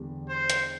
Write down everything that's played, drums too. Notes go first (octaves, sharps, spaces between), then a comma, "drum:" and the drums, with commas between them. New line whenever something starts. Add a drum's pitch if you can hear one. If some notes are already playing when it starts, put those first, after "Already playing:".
Already playing: E2 D3 G3 B3
C5
drum: hi-hat